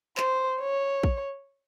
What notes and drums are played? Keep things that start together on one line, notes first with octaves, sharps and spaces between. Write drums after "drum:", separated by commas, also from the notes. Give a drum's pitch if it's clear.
C5, drum: clap
C#5
drum: kick